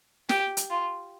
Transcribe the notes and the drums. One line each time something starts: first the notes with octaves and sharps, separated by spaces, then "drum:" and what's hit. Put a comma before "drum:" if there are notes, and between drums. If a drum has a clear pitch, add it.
G4, drum: snare
drum: hi-hat
F4